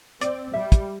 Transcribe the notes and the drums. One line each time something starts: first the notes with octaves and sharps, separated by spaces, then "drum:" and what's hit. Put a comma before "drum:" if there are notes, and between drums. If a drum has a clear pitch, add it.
C4 D5, drum: hi-hat
G3 E5
drum: kick, hi-hat